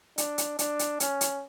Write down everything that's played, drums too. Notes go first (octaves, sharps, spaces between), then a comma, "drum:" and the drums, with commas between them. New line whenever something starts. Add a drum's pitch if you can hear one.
D4, drum: hi-hat
drum: hi-hat
D4, drum: hi-hat
drum: hi-hat
C#4, drum: hi-hat
drum: hi-hat